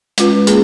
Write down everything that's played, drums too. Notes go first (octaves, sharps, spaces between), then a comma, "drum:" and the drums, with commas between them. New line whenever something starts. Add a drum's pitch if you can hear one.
G#3 C#4 F4 B4, drum: hi-hat
A#3 C#4 G#4, drum: hi-hat